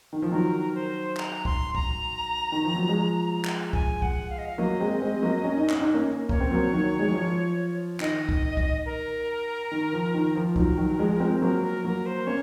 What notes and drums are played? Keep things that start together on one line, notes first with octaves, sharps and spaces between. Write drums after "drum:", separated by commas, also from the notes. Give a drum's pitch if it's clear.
D#3
F3
D#3 F#3 A#4
C5
A#5, drum: clap
C6, drum: kick C2
A#5, drum: kick C2
D#3
F3
F#3
F3 G#3
drum: clap
G#5, drum: kick C2
F#5, drum: kick C2
F5
D#5
F5
F#3 A#3 D#5
G#3 C4
G#3 C4
G#3
F#3 A#3
C#4
D#4
C#4, drum: clap
D#4
A#3 C#4
A#3 C#5, drum: kick C2
C4
F#3 A#3
D#3 F#3
G#3
F#3
F3
D#3 D#5, drum: clap
drum: kick C2
drum: kick C2
A#4
D#3
F3
D#3
F3
D#3 F#3 A#4, drum: kick C2
D#3 F#3
F3 G#3
G#3 C4
F#3 A#3 A#4
A#4
F#3 A#3 A#4
C5
A#3 C#4 C#5